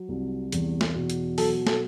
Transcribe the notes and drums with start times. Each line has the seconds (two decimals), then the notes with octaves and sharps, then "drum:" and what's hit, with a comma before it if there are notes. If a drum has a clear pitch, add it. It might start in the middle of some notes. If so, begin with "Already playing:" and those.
Already playing: F#3
0.09 C2
0.52 E2, drum: hi-hat
0.81 drum: snare
0.95 B2
1.10 drum: hi-hat
1.38 F#3 A4, drum: open hi-hat
1.67 A4, drum: snare